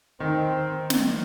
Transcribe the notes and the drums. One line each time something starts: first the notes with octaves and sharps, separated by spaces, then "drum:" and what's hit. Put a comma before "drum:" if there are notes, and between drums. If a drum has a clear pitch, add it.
D#3 C4
drum: snare